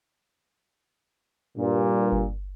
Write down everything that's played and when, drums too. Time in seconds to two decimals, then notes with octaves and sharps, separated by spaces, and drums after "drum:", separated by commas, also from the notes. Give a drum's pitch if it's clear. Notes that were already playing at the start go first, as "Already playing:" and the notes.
1.58 G2 A#2
2.12 drum: kick G1